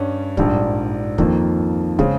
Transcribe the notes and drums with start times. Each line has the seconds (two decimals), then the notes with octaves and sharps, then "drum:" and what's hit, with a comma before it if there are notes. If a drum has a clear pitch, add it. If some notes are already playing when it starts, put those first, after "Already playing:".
Already playing: G2 G3 C#4
0.37 A#1 G#2 G3, drum: kick
1.18 F2 D#3 A#3 F4, drum: kick
1.99 C#3 G#3 C4, drum: kick